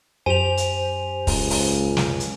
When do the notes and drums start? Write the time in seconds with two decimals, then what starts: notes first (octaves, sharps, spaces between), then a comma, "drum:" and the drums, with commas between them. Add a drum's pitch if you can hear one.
0.26 F#2 G4 C5 G#5 F7
0.57 drum: hi-hat
1.27 C#2, drum: kick, open hi-hat
1.50 drum: open hi-hat
1.97 drum: snare
2.20 drum: hi-hat